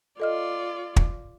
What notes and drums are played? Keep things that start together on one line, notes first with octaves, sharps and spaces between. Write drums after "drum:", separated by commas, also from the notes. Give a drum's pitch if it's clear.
F4 A4 D5 D#5 F6
drum: kick